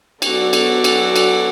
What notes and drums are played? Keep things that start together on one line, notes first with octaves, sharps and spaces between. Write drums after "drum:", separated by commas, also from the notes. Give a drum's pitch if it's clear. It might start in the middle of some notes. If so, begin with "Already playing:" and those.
F#3 B3 F#4 A4 D5, drum: cymbal
drum: cymbal
drum: cymbal
drum: cymbal